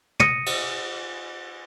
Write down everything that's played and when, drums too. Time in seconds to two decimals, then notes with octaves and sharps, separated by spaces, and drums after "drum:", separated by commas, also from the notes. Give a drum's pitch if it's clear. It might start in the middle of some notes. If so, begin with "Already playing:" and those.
0.20 D#6 A#6 C#7 D#7, drum: tom
0.46 drum: cymbal